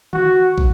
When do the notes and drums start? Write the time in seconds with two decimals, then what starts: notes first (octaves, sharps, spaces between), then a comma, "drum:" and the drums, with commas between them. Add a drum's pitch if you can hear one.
0.13 F#4, drum: tom D3
0.58 drum: kick